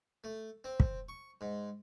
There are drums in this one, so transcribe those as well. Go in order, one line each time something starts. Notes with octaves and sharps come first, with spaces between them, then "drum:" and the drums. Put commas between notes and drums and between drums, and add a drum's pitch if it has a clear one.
A3
C4
drum: kick
C#6
G#2